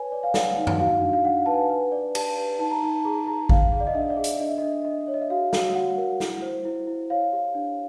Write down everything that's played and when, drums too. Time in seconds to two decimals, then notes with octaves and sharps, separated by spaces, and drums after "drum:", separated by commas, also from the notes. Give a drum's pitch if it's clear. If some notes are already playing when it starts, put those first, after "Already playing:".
Already playing: B4 C#5 G#5
0.12 D5
0.23 F5
0.34 D5 F#5, drum: snare
0.57 D#4
0.67 drum: tom F#2
0.79 F#4 F5
1.01 D4
1.13 F5
1.24 D4 F#5
1.46 B4 A5
1.54 G#5
1.70 B4
1.92 D5
2.15 G4 A5, drum: cymbal
2.36 B4
2.59 D#4 A5
2.71 A#5
2.81 D#4 A5
3.04 G#4 A#5
3.26 G#4 A#5
3.49 G#4 F5, drum: kick G#1
3.72 G#4
3.80 D5
3.87 D#5
3.95 D4 E5
4.10 D5
4.16 G#4
4.24 D5, drum: hi-hat
4.40 D4 D#5
4.48 E5
4.58 D#5
4.62 D4
4.84 D4 D#5
5.07 C#5
5.14 D#5
5.22 E5
5.30 F#4 F5
5.53 F#4, drum: snare
5.74 F#4 F#5
5.97 A#4
6.20 E4, drum: snare
6.42 C5
6.65 E4
6.87 E4
7.10 C#5 F5
7.32 G4
7.55 D4